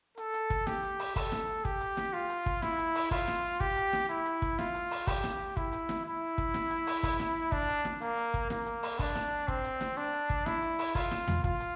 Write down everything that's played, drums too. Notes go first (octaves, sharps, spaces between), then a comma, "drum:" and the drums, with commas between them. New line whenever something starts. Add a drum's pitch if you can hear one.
A4, drum: hi-hat
drum: hi-hat
drum: kick, hi-hat
G4, drum: snare
drum: hi-hat
drum: open hi-hat
A4, drum: kick, open hi-hat
drum: snare
G4, drum: kick, hi-hat
drum: hi-hat
drum: snare
F4, drum: hi-hat
drum: hi-hat
drum: kick, hi-hat
E4, drum: snare
drum: hi-hat
drum: open hi-hat
F4, drum: kick, open hi-hat
drum: snare
G4, drum: kick, hi-hat
drum: hi-hat
drum: snare
E4, drum: hi-hat
drum: hi-hat
drum: kick, hi-hat
F4, drum: snare
drum: hi-hat
drum: open hi-hat
G4, drum: kick, open hi-hat
drum: snare
E4, drum: kick, hi-hat
drum: hi-hat
drum: snare
E4
drum: kick, hi-hat
drum: snare
drum: hi-hat
drum: open hi-hat
drum: kick, open hi-hat
drum: snare
D4, drum: kick, hi-hat
drum: hi-hat
drum: snare
A#3, drum: hi-hat
drum: hi-hat
drum: kick, hi-hat
A#3, drum: snare
drum: hi-hat
drum: open hi-hat
D4, drum: kick, open hi-hat
drum: snare
C4, drum: kick, hi-hat
drum: hi-hat
drum: snare
D4, drum: hi-hat
drum: hi-hat
drum: kick, hi-hat
E4, drum: snare
drum: hi-hat
drum: open hi-hat
F4, drum: kick, open hi-hat
drum: snare
drum: tom E2
F4, drum: kick, hi-hat
drum: hi-hat